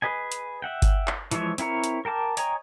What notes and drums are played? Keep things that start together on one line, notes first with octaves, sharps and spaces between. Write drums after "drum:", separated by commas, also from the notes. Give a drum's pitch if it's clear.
G#4 B4 D#5 G#5
drum: hi-hat
E5 F#5 G5
drum: kick G1, hi-hat
drum: clap
E3 F3 G#3 C#5 E5, drum: hi-hat
C4 E4 A#4 C#5, drum: hi-hat
drum: hi-hat
A#4 G5 A5 D6
C#5 D#5 G5 G#5 A#5, drum: hi-hat